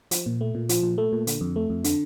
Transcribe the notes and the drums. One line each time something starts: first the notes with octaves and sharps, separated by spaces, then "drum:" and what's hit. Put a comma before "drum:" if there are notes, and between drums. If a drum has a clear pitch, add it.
F3, drum: hi-hat
A#2
A3
A#2
F3, drum: hi-hat
A#2
A3
A#2
D3, drum: hi-hat
F2
A3
F2
D3, drum: hi-hat